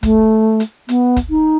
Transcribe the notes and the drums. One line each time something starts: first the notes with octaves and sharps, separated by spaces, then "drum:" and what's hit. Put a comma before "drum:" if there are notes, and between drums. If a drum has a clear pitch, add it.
A3, drum: kick, hi-hat
drum: hi-hat
B3, drum: hi-hat
drum: kick, hi-hat
D#4